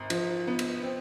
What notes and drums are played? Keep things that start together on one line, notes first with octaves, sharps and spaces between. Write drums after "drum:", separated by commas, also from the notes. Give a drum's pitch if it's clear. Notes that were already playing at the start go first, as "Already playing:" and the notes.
Already playing: G#1
F3, drum: cymbal
B3
drum: cymbal
C4